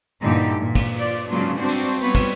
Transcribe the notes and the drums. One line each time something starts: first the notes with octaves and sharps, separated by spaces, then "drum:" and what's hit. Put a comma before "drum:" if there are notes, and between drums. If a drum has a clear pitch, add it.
G2 A#2 D3 E3 D#4 G4
A#2
drum: kick, cymbal
F4 D5
G#2 C#3 F#3 A#3 D4 F4
G3 C4 D4 F#4 C5
drum: cymbal
G3 B3 C4 B4 C#5
drum: kick, cymbal